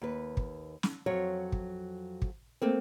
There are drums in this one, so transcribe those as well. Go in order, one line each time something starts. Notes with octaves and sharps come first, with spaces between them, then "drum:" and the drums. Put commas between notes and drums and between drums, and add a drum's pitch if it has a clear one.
D#2 B4
drum: kick
drum: snare
F2 F#3 C#5
drum: kick
drum: kick
A3 A#3 C4